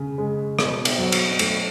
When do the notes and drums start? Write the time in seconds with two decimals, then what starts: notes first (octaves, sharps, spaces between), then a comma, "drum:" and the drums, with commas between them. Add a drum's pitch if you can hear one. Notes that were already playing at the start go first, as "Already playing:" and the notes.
Already playing: C#3
0.18 G#3
0.59 B2, drum: rim click
0.85 drum: cymbal
0.98 F#3
1.12 drum: cymbal
1.39 A3, drum: cymbal